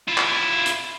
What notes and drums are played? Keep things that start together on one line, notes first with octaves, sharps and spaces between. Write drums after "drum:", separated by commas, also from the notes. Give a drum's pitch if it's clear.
E4 F4
drum: clap
drum: hi-hat